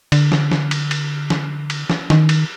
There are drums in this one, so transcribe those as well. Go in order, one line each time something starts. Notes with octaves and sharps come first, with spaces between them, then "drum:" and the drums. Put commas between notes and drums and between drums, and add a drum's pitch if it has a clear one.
D3, drum: cymbal
drum: snare
drum: snare
drum: cymbal
drum: cymbal
drum: snare
drum: cymbal
drum: snare
D#3, drum: snare
drum: cymbal